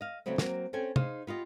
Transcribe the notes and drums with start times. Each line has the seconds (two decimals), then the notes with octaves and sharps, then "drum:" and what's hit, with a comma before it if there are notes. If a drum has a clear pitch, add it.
0.01 D#5 F5
0.26 C#3 F#3 G3 A3 B3 C4
0.38 F#3 A#3 C4, drum: snare
0.73 C4 C#4 A4 G5 G#5
0.96 D#4 G#4 C5 F5, drum: tom
1.27 B3 F4 G4 D#5